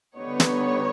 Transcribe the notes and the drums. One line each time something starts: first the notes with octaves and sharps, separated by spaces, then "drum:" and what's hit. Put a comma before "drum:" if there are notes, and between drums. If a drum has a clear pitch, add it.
D3 G3 B3 D#4 C#5
drum: snare